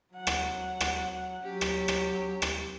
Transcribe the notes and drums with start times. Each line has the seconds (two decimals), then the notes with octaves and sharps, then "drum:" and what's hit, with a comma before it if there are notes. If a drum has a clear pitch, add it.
0.13 F#3 F#5
0.27 drum: rim click
0.80 drum: rim click
1.43 F#3 C#4 G4
1.61 drum: rim click
1.88 drum: rim click
2.42 drum: rim click